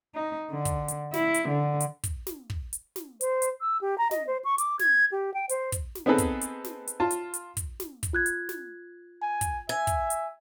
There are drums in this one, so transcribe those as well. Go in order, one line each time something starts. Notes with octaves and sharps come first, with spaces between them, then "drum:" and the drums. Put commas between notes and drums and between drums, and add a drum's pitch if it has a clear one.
D#4
D3
drum: kick, hi-hat
drum: hi-hat
E4, drum: snare
drum: hi-hat
D3
drum: hi-hat
drum: kick, hi-hat
drum: snare
drum: kick
drum: hi-hat
drum: snare
C5, drum: hi-hat
drum: hi-hat
E6
G4
A#5
D#5, drum: snare
C5
C#6
D6, drum: hi-hat
G#6, drum: snare
G4
G5
C5, drum: hi-hat
drum: kick, hi-hat
drum: snare
B3 C4 D#4 G#4 A4 B4
drum: kick, hi-hat
drum: hi-hat
drum: snare
drum: hi-hat
F4 A5
drum: hi-hat
drum: hi-hat
drum: kick, hi-hat
drum: snare
drum: kick, hi-hat
F4 F#6 G#6
drum: hi-hat
drum: snare
G#5
drum: kick, hi-hat
E5 G#5
drum: kick, hi-hat
drum: hi-hat